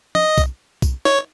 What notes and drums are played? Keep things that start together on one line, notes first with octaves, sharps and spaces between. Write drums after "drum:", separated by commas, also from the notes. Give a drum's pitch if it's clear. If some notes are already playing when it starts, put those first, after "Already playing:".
D#5, drum: tom
drum: kick, tambourine
drum: kick, tambourine
C#5, drum: snare